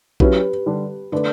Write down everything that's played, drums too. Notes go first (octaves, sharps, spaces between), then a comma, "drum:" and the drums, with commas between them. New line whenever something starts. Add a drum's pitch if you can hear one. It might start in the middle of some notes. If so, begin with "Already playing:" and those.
F#3 C#4 E4 G4 B4, drum: kick A#1
D3 G3 D4
D3 A3 D4 B4 D5